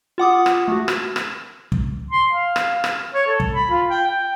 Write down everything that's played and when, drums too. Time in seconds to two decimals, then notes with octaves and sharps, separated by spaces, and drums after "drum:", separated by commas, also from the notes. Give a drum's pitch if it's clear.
0.18 F4 F#5 D6 D#6
0.46 drum: rim click
0.68 A3 F#4
0.88 drum: rim click
1.16 drum: rim click
1.72 drum: kick
2.11 C6
2.31 F5
2.56 drum: rim click
2.84 drum: rim click
3.14 C#5
3.27 A4
3.40 drum: kick
3.54 B5
3.70 F4
3.90 G5
4.07 G5